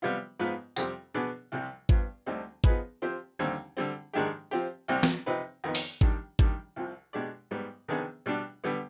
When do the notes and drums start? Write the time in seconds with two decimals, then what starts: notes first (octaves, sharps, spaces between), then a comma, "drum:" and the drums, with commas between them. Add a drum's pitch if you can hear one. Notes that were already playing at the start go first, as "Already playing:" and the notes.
0.02 C3 G3 B3 F4
0.39 G#2 F3 B3 F4 B4
0.76 F2 C3 G3 C4 G4, drum: tambourine
1.14 B2 B3 D4 G#4 D5
1.52 C2 C3 G3
1.89 G2 F3 B3, drum: kick G#1
2.26 D2 D3 G3 C4 D#4
2.64 F3 B3 D#4 G#4 B4, drum: kick G#1
3.02 F3 C4 G4 C5
3.39 D#2 D3 G3 C4
3.77 D3 G3 C4
4.13 G#2 D#3 G#3 D4 G4
4.51 F3 C4 G4
4.88 C2 C3 G3 C4
5.03 drum: snare
5.26 C3 F3 C4 D#4 B4
5.64 F2 D#3 B3 D#4
5.75 drum: open hi-hat
6.01 D#3 G3 D4 G4, drum: kick G#1
6.39 D#3 G3 D4, drum: kick G#1
6.76 C2 C3 F3
7.13 B2 G#3 D4 G4 D5
7.51 G#2 G3 B3
7.88 C3 D#3 B3 D4 G#4
8.26 B2 G3 D4
8.64 D3 G3 B3